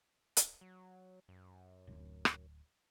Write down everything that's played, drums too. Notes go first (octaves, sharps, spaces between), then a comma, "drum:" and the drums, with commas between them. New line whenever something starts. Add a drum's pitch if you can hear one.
drum: hi-hat
F#3
F#2
D1
drum: rim click